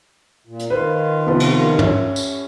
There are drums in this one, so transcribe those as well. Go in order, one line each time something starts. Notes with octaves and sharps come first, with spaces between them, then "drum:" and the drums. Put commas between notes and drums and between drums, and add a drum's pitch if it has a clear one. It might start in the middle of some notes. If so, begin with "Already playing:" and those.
A#2
drum: hi-hat
D#3 F4 B4 C5
C3 F3 B3
drum: cymbal
C#4 E5, drum: tom
drum: tambourine